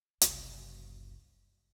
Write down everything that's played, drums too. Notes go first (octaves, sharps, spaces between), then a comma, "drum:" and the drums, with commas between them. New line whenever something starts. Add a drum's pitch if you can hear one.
F#1 C2, drum: hi-hat